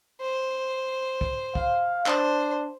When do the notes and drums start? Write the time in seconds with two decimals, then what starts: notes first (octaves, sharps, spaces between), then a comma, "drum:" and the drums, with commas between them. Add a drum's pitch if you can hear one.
0.21 C5
1.21 drum: kick
1.55 F5, drum: kick
2.06 D4 C5, drum: clap